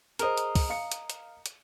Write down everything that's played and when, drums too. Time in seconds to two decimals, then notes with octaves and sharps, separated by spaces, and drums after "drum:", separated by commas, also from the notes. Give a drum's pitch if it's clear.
0.19 G#4 A#4 C5 D#5, drum: hi-hat
0.37 drum: hi-hat
0.55 drum: kick, open hi-hat
0.70 F5 C#7
0.92 drum: hi-hat
1.10 drum: hi-hat
1.46 drum: hi-hat